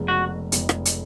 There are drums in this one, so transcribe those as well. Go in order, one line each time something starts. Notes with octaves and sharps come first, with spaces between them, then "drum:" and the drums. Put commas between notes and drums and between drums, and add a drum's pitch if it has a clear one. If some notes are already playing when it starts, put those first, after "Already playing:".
Already playing: F1 F2 C#3 G#3 B3
F#4
F1 F2 C#3 G#3 B3, drum: hi-hat
drum: rim click
drum: hi-hat